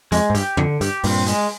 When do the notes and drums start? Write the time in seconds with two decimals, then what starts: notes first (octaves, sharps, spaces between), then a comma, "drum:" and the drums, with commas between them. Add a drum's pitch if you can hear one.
0.12 F2 G#3, drum: hi-hat
0.30 G#2
0.35 G2 G4, drum: hi-hat
0.57 F2 D3, drum: rim click
0.81 G2 G4, drum: hi-hat
1.04 G2 A#2 C4, drum: open hi-hat
1.27 G#3, drum: hi-hat